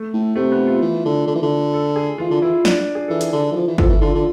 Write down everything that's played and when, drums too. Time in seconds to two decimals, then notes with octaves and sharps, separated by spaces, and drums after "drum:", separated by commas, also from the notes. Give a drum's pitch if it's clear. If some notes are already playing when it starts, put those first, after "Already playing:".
Already playing: A3
0.13 A2
0.35 C3 A3
0.52 B3
0.67 F4
0.82 E3
1.05 D3
1.27 D3
1.35 E3
1.42 D3
1.74 A4
1.96 G#4
2.18 E3 F4
2.31 D3
2.41 E3 E4
2.65 D4, drum: snare
2.95 G#4
3.08 E3 A4
3.21 G#4, drum: hi-hat
3.33 D3
3.51 E3
3.55 F3
3.67 E3
3.78 F3 A4, drum: kick
3.89 E3
4.01 D3 F4
4.15 D3